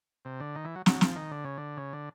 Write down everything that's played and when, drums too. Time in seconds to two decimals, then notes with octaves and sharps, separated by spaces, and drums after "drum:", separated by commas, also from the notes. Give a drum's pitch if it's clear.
0.25 C3
0.40 D3
0.55 D#3
0.65 E3
0.76 F#3
0.86 F#3, drum: snare
1.01 F3, drum: snare
1.16 D#3
1.31 D3
1.44 C#3
1.58 D3
1.77 C#3
1.93 D3